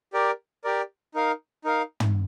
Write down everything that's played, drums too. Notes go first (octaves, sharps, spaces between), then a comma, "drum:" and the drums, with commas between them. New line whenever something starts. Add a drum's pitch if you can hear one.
G4 A#4 D5
G4 A#4 D5
D#4 A#4 F5
D#4 A#4 F5
drum: tom